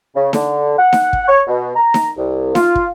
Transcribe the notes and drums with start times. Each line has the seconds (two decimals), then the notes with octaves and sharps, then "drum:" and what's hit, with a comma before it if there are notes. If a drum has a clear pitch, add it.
0.15 C#3
0.33 D3, drum: snare D#4
0.78 F#5
0.93 drum: snare D#4
1.13 drum: kick
1.28 C#5
1.47 B2
1.75 A#5
1.94 drum: snare D#4
2.17 C2
2.55 F4, drum: snare D#4
2.75 drum: kick